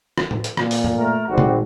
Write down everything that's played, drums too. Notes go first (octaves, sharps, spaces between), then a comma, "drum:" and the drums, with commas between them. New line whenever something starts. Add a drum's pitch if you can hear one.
drum: rim click
drum: tom A2
drum: hi-hat
A#2, drum: rim click
drum: open hi-hat
drum: tom G2
A3 A#4
G#1 G3 C4 F#4
drum: tom A#2